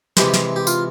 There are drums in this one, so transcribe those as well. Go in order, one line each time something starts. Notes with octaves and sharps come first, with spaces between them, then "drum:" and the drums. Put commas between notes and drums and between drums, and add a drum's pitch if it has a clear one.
C3 E3 G#3 G4, drum: snare
drum: snare
G4
F4, drum: tambourine